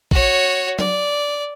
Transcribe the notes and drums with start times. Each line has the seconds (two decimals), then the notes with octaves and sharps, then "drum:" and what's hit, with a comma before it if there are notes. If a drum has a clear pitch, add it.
0.11 F#4 C#5, drum: kick
0.79 D5, drum: tom F#3